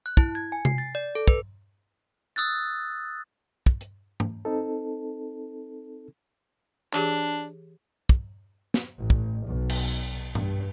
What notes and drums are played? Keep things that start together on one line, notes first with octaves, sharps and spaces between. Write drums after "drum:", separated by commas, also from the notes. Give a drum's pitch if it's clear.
F#6
E4, drum: kick
G#6
G#5
C7, drum: tom C3
A6
D5
A4
B4, drum: kick
D#6 E6 F#6 A6
drum: kick
drum: hi-hat
drum: tom G#2
C4 D#4 A4
E3 D4 G4 G#4, drum: clap
drum: kick
drum: snare
A1
drum: kick
B1
drum: cymbal
G2, drum: tom G#2